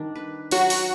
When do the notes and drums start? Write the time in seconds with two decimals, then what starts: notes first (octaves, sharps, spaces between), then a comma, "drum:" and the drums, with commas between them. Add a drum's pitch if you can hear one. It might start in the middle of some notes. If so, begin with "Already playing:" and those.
Already playing: D#3 G3 D4
0.16 B4
0.51 F#3 F#4, drum: open hi-hat
0.70 drum: open hi-hat